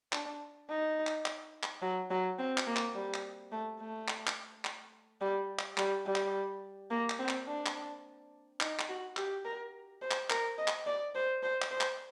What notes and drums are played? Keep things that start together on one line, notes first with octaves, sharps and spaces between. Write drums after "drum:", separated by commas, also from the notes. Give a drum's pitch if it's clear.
D4, drum: clap
D#4
drum: clap
drum: clap
drum: clap
F#3
F#3
C4
drum: clap
A#3
drum: clap
G3
drum: clap
A3
A3
drum: clap
drum: clap
drum: clap
G3
drum: clap
G3, drum: clap
G3
drum: clap
A#3
drum: clap
C4
drum: clap
D4
drum: clap
D#4, drum: clap
drum: clap
F#4
G4, drum: clap
A#4
C5
drum: clap
A#4, drum: clap
D#5
drum: clap
D5
C5
C5
drum: clap
C5
drum: clap